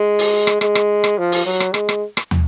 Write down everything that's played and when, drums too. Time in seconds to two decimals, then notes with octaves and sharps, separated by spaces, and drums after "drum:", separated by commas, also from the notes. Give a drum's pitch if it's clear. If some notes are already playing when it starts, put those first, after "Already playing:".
Already playing: G#3
0.19 drum: open hi-hat
0.47 drum: rim click
0.61 G#3, drum: rim click
0.75 drum: rim click
1.04 drum: rim click
1.18 F3
1.32 drum: open hi-hat
1.46 F#3
1.60 drum: rim click
1.74 G#3, drum: rim click
1.89 drum: rim click
2.17 drum: rim click
2.31 drum: tom